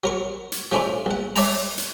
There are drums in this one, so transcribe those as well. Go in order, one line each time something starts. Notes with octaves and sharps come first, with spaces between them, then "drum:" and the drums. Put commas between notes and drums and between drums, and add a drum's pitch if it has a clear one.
F#3 A#4 C#6
drum: hi-hat
F3 A3 C#4 D4 E4 F4
A#1 F#5
C#5 D5 E5 G5 A5 A#5, drum: open hi-hat
drum: hi-hat